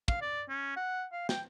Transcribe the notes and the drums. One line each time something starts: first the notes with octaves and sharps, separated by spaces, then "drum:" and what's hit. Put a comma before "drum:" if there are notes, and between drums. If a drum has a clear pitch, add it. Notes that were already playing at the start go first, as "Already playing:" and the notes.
F5, drum: kick
D5
C#4
F#5
F5
G5, drum: snare